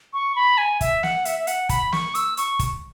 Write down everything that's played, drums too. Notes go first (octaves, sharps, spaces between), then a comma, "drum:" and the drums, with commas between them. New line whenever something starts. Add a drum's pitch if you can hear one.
C#6
B5
G#5
E5, drum: kick, hi-hat
F#5, drum: snare
E5, drum: hi-hat
E5
F#5, drum: hi-hat
B5, drum: kick, hi-hat
C#6, drum: snare
E6, drum: hi-hat
C#6, drum: hi-hat
drum: kick, hi-hat